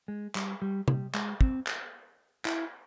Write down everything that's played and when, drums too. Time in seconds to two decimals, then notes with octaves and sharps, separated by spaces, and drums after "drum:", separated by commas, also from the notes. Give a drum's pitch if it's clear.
0.08 G#3
0.35 G3, drum: clap
0.62 G3
0.88 G3, drum: tom C3
1.14 G#3, drum: clap
1.41 C4, drum: kick
1.67 drum: clap
2.45 E4, drum: clap